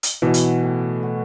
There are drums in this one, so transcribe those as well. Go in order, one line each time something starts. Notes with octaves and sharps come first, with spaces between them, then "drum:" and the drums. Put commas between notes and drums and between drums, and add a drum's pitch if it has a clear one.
drum: hi-hat
B2 E3 F#3
drum: hi-hat
A2
F#4